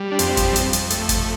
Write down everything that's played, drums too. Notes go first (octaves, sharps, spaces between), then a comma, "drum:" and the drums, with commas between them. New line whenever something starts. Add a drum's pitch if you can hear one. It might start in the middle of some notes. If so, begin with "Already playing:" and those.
Already playing: G3
D4
F2 C4, drum: hi-hat
drum: kick, hi-hat
F2, drum: hi-hat
drum: hi-hat
A3, drum: hi-hat
drum: kick, hi-hat